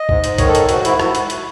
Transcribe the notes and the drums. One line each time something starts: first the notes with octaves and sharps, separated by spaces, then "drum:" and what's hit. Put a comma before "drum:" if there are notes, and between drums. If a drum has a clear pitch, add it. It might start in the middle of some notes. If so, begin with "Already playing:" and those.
Already playing: D#5
G#2, drum: kick
G#2, drum: hi-hat
D#3 C#5, drum: kick, hi-hat
A4
G#2, drum: hi-hat
G#2 F#4, drum: hi-hat
G#2 E4, drum: hi-hat
F#4, drum: rim click
drum: hi-hat
drum: hi-hat